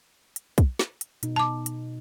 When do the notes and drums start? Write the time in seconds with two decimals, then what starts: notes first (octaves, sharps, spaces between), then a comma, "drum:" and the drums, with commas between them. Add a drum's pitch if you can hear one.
0.36 drum: hi-hat
0.58 drum: kick, hi-hat
0.79 drum: snare
1.01 drum: hi-hat
1.23 B2 D#4, drum: hi-hat
1.36 A5 D6
1.66 drum: hi-hat